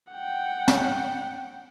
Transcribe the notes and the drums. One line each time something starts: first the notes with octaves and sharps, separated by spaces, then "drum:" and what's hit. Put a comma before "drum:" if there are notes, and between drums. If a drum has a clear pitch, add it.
F#5 G5
drum: snare